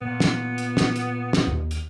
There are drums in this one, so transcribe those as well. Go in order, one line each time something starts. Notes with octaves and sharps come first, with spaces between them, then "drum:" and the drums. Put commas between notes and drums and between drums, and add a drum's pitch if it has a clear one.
A#2 B3
drum: snare
drum: hi-hat
drum: snare
drum: hi-hat
drum: snare
D#2
drum: hi-hat